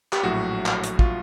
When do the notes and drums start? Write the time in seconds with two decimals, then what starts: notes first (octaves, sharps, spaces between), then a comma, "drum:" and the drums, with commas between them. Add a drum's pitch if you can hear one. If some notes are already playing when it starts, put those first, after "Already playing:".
0.13 G4, drum: clap
0.23 A#1 A2 F#3 F#4
0.66 drum: clap
0.84 drum: hi-hat
0.99 F4, drum: kick